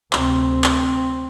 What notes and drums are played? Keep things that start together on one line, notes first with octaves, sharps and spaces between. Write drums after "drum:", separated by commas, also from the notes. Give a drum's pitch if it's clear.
D2 C3 C4, drum: clap
drum: clap